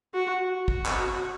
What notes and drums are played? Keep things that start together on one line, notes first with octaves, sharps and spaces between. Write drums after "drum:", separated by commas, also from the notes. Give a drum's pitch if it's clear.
F#4
F#4, drum: kick
drum: clap